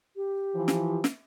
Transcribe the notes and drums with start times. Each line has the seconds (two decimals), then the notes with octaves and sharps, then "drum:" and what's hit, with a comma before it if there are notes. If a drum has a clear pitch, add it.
0.16 G4
0.56 E3 F3
0.68 drum: snare
1.04 drum: snare